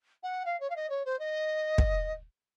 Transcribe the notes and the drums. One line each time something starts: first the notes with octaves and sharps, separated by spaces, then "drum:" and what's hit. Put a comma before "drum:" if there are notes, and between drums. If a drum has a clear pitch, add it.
F#5
F5
C#5
F5
D#5
C#5
C5
D#5
drum: kick